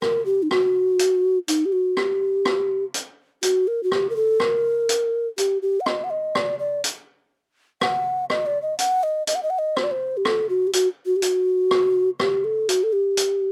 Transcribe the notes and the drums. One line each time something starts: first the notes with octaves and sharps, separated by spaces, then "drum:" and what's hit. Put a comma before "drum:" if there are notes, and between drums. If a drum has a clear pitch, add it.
A#4, drum: rim click
G4
D#4
F#4, drum: rim click
drum: hi-hat
D#4, drum: hi-hat
G4
F#4
G4, drum: rim click
drum: rim click
drum: hi-hat
F#4, drum: hi-hat
A#4
F#4
G4, drum: rim click
A#4
A4
A#4, drum: rim click
drum: hi-hat
G4, drum: hi-hat
G4
F#5
D#5, drum: rim click
F#5
D#5
D5, drum: rim click
D5
drum: hi-hat
F#5, drum: rim click
D#5, drum: rim click
D5
D#5
F#5, drum: hi-hat
D#5
D#5, drum: hi-hat
F#5
D#5
F#5
D#5
C5, drum: rim click
D5
C5
G4
A4, drum: rim click
F#4
G4
F#4, drum: hi-hat
F#4
G4
F#4, drum: hi-hat
drum: rim click
G4, drum: rim click
A4
F#4, drum: hi-hat
A4
G4
drum: hi-hat